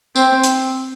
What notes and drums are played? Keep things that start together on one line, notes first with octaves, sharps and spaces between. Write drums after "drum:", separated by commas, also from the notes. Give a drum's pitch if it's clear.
C4, drum: tambourine
drum: hi-hat